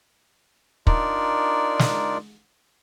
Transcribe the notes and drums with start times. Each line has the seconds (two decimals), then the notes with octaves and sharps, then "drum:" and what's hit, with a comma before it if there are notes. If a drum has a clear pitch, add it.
0.87 D4 D#4 F4 A#4 D5, drum: kick
1.79 drum: snare